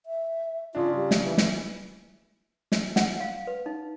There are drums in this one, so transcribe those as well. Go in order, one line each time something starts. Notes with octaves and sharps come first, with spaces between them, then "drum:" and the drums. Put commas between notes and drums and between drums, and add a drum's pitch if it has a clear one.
E5
C#3 D4 F4
G3
drum: snare
E3
drum: snare
drum: snare
F#5, drum: snare
F5
B4
D#4